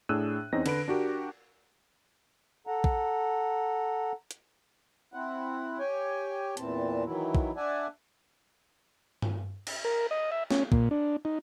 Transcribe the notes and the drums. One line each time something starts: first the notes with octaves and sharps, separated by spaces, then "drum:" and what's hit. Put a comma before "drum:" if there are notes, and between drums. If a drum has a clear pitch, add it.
A2 D4 G#4 E6 F#6 D#7
E2 C4 C#4 D#4 D#5 A#6
D3 B4 D7, drum: cymbal
D4 F#4 G4 A#4
A4 F#5 A#5
drum: kick
drum: hi-hat
C4 E4 F#5
G4 C#5 G5 G#5
E2 A#2 E3 C4 A5, drum: hi-hat
D#3 E3 F#3 E4
drum: kick
D4 D5 E5 F#5 G#5 A5
drum: tom G2
drum: cymbal
A#4
D#5
E5
C#4, drum: snare
A#2, drum: kick
D4
D#4